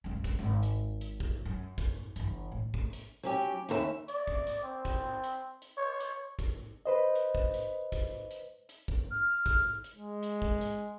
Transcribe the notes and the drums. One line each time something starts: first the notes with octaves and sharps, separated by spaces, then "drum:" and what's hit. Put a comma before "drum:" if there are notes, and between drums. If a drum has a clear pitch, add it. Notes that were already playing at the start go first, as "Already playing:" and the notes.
C#2 G2
drum: kick, hi-hat
G#1
drum: hi-hat
drum: hi-hat
drum: kick
F#2
drum: kick, hi-hat
G1 E3, drum: hi-hat
A2
drum: kick
drum: hi-hat
F#3 C#4 G4
D#2 C#3 A4 E5, drum: hi-hat
D5, drum: hi-hat
drum: kick
drum: hi-hat
C4
drum: kick, hi-hat
drum: hi-hat
drum: hi-hat
C#5
drum: hi-hat
drum: kick, hi-hat
B4 C5 D#5
drum: hi-hat
drum: kick
drum: hi-hat
drum: kick, hi-hat
drum: hi-hat
drum: hi-hat
drum: kick
F6
drum: kick, hi-hat
drum: hi-hat
G#3
drum: hi-hat
drum: kick
drum: hi-hat